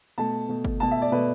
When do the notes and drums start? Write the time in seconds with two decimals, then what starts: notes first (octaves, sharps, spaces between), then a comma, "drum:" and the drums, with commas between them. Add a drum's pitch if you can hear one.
0.18 B2 A3 A5
0.48 B2 A3
0.65 drum: kick G1
0.80 B2 A3 A5
0.91 E5
1.02 D5
1.11 B2 A3 B4